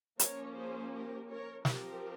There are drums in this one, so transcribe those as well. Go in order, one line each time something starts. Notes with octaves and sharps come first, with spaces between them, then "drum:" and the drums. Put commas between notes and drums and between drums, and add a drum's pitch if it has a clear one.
F3 A#3 C#4 A#4 C#5, drum: hi-hat
G#4 C5
G4 A#4
A#4 C#5
F3 C4 G4 A#4, drum: snare